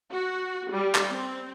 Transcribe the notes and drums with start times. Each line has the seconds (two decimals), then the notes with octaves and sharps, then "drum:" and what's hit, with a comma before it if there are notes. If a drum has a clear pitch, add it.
0.12 F#4
0.71 G3
0.95 drum: clap
1.11 C4